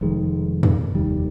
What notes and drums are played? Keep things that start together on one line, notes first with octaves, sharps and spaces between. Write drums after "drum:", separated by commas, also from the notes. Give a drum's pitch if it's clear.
F1 F2 D#3 G#3
drum: tom
F1 D#2 D#3 G3